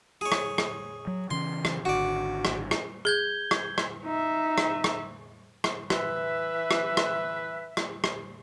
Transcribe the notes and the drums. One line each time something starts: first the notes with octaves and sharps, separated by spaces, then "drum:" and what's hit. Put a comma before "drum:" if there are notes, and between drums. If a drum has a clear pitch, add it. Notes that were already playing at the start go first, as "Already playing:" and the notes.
G#4 C#5
drum: rim click
drum: rim click
F#3
C#3 E3 C#4 C6
drum: rim click
G#1 D3 F#4 D5
drum: rim click
drum: rim click
G#4 G6 G#6 G7
drum: rim click
drum: rim click
D#4 E5
drum: rim click
drum: rim click
drum: rim click
E3 B4 E5, drum: rim click
drum: rim click
drum: rim click
drum: rim click
drum: rim click